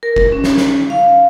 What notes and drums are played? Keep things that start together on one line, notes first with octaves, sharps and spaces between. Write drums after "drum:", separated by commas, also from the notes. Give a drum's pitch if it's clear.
A#4
drum: kick
C#4
drum: snare
drum: snare
F5